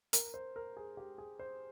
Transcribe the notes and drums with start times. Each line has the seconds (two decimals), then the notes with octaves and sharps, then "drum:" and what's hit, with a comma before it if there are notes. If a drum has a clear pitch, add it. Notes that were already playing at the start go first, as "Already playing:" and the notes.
0.13 A#4, drum: hi-hat
0.34 C5
0.56 A#4
0.77 G#4
0.97 G4
1.18 G#4
1.39 C5